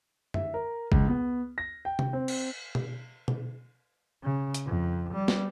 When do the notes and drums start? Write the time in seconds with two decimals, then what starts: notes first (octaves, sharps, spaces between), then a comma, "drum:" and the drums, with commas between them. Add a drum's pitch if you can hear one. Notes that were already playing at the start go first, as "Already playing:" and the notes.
0.34 E5, drum: tom
0.54 A#4
0.92 C#2, drum: kick G1
1.08 B3
1.58 A#6
1.85 G5
1.99 drum: tom C3
2.13 C4
2.28 drum: cymbal
2.75 drum: tom B2
3.28 drum: tom B2
4.23 C#3
4.54 drum: hi-hat
4.66 F2
5.14 G3
5.28 drum: snare